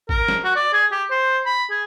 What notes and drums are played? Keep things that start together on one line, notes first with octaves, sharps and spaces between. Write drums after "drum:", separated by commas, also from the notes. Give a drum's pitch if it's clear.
A#4, drum: kick
drum: snare
F#4
D5
G#4
G4
C5
B5
G#4